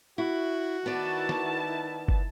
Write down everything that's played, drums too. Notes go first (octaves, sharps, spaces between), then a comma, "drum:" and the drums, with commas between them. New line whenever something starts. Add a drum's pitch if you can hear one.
E4 F#4
D#3 B3 E4 D5 A5
drum: snare
drum: kick